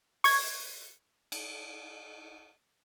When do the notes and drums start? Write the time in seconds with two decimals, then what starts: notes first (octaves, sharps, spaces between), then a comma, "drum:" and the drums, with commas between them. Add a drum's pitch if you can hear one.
0.24 C#6 G#6, drum: open hi-hat
1.32 drum: cymbal